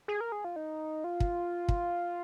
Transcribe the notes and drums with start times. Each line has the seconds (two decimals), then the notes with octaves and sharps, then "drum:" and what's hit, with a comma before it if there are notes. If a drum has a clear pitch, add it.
0.08 G#4
0.21 A#4
0.32 G#4
0.44 F4
0.56 D#4
1.04 F4
1.20 drum: kick
1.69 drum: kick